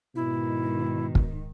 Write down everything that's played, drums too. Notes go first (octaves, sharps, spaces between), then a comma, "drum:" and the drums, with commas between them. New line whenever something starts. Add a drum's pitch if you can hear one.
G#2 B2 D#3 E4
drum: kick